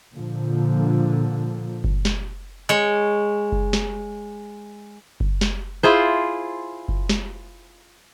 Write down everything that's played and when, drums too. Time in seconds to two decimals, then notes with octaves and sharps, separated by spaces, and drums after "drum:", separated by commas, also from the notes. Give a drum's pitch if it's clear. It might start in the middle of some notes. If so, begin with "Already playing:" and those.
0.13 A#2 D3 F3
1.84 drum: kick F#1
2.05 drum: snare
2.69 G#3 C#5
3.52 drum: kick F#1
3.73 drum: snare
5.20 drum: kick F#1
5.41 drum: snare
5.83 E4 F4 G#4 C5
6.88 drum: kick F#1
7.09 drum: snare